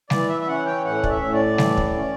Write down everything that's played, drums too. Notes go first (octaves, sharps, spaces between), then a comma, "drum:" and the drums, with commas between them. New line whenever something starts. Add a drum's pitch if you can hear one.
E3 D5, drum: snare G3
E5
E5
C#4 F#5
G5
A2 F#5
D5, drum: kick
E5
A2
D5
E3, drum: snare G3
drum: kick
C#4